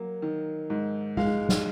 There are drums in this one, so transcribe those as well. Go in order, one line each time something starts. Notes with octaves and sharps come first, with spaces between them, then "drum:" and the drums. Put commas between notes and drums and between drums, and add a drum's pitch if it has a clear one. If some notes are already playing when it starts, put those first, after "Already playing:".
Already playing: F#3 A#3
D#3
G#2
G#3 F5, drum: tom
drum: snare